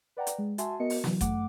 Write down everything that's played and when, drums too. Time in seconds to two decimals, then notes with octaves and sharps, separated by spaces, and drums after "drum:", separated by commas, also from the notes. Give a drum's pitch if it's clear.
0.17 B4 D5 F#5 G5 A#5
0.27 drum: hi-hat
0.38 G#3
0.58 F#4 E5 G#5 A5 C6, drum: hi-hat
0.80 B3 F#4 A#4 D#5 C#7
0.90 drum: open hi-hat
1.04 E3 F#3, drum: snare
1.21 F#2 A3 F#5 D6, drum: kick G1, hi-hat